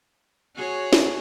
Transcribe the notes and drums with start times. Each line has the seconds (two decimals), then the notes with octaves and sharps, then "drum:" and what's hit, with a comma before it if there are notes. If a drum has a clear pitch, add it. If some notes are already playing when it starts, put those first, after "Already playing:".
0.55 F#4 G#4 C#5
0.93 drum: snare